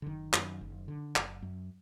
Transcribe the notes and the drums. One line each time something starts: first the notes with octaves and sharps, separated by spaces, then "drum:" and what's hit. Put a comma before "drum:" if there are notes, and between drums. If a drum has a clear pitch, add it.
D3
F#1 D#3
F#2, drum: clap
F#1
D3
F#1, drum: clap
F#2